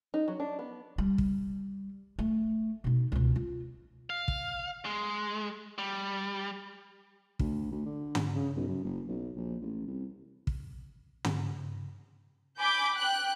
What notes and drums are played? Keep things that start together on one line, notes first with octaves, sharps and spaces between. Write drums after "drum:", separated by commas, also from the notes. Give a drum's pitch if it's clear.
D#4
F#3
D4
B3
G3
drum: kick
A3
B2 D#4
C#2 B2
F4
F5
drum: kick
G#3
G3
D2, drum: kick
D2
D3
drum: tom
C#3
B1
F#2
F#1
B1
A#1
A1
C2
drum: kick
drum: tom
G#5 B5 D6 G6
G5 F#6